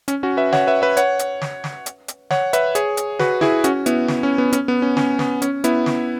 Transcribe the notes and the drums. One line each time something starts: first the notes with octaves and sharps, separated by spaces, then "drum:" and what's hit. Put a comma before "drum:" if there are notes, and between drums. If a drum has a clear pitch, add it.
C#4, drum: hi-hat
C#4 F#4
B4 E5
C#5 F#5, drum: snare
B4 E5
B4 E5
C#5 F#5, drum: hi-hat
drum: hi-hat
drum: snare
drum: snare
drum: hi-hat
drum: hi-hat
C#5 F#5, drum: snare
B4 E5, drum: hi-hat
G#4 C#5, drum: hi-hat
drum: hi-hat
F#4 B4, drum: snare
E4 G#4, drum: snare
C#4 F#4, drum: hi-hat
B3 E4, drum: hi-hat
drum: snare
C#4
B3
C#4, drum: hi-hat
B3
C#4
C#4, drum: snare
B3, drum: snare
C#4, drum: hi-hat
B3 E4, drum: hi-hat
drum: snare